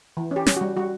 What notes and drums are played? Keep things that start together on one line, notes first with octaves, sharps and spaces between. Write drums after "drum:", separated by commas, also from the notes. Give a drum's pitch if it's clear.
E3
C#4 G4
C#4, drum: snare
G3 F#4
G3 F#4